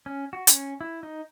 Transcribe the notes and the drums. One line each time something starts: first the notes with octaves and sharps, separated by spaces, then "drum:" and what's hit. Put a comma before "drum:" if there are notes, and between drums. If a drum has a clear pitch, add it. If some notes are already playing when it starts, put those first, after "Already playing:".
C#4
F#4
C#4, drum: hi-hat
E4
D#4